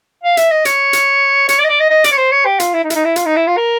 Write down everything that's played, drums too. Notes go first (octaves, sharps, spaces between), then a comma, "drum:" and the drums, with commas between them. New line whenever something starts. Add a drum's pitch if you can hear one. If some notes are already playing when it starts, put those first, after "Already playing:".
F5
E5, drum: hi-hat
D#5
C#5, drum: hi-hat
drum: hi-hat
C#5, drum: hi-hat
D5
D#5
D5
D#5
D#5
D5, drum: hi-hat
C#5
C5
C#5
G4
F4, drum: hi-hat
E4
D#4
E4, drum: hi-hat
D#4
E4
F4, drum: hi-hat
D#4
E4
F4
A#4